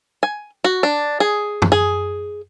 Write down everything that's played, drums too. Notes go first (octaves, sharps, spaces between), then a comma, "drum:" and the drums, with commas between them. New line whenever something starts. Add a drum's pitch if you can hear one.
G#5
F#4
D4
G#4
drum: tom
G#4